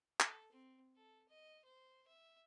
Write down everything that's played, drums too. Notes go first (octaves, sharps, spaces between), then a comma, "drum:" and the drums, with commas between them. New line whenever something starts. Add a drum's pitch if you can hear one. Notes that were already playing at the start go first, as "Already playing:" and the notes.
A4, drum: clap
C4
A4
D#5
C5
E5